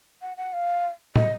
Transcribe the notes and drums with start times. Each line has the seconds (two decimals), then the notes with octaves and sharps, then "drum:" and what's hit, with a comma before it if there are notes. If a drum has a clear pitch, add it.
0.22 F#5
0.37 F#5
0.53 F5
1.16 D#5, drum: tom